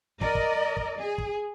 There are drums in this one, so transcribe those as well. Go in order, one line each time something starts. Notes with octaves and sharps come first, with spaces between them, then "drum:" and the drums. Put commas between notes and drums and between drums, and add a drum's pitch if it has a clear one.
A#4 D5 D#5, drum: kick
drum: kick
drum: kick
G#4
drum: kick